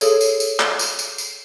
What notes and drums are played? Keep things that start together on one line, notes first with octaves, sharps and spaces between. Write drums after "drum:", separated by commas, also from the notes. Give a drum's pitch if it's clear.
G#4 A4 C#5, drum: tambourine
drum: tambourine
drum: tambourine
drum: clap
drum: tambourine
drum: tambourine
drum: tambourine